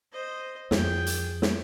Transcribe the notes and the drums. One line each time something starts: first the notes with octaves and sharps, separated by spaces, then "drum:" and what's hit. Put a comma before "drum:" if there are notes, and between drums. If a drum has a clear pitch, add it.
C5 D#5
F2 G#4 G5, drum: snare
drum: hi-hat
drum: snare